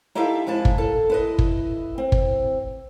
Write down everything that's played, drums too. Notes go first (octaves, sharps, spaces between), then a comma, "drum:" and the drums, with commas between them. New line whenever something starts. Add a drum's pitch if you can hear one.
D#4 E4 G4 A4 E5 F5
F2 G#3 E4 A5
drum: kick
A4
E4 B4 D#5
drum: kick
C4
drum: kick